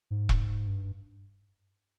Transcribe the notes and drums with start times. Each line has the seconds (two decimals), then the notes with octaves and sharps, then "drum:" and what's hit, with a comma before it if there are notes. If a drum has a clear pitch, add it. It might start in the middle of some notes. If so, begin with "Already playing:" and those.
0.11 G#2
0.29 drum: kick E1
0.67 G2